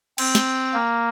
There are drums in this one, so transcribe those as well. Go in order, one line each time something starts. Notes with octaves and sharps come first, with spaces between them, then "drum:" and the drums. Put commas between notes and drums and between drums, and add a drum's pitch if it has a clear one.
C4, drum: cymbal
drum: snare
A#3